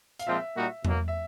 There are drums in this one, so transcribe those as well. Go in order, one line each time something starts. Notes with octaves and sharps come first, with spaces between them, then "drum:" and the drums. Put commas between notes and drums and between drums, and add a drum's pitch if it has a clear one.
F5, drum: hi-hat
A#2 F3 G#3 C4 F4 E5
A#2 G3 A#3 D#4 F#4
B2 F#3 A#3, drum: tom E2
E5